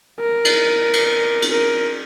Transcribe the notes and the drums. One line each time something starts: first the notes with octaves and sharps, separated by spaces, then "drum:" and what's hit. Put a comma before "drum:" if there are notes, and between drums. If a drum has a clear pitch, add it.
A#4
drum: cymbal
drum: cymbal
drum: cymbal
A#4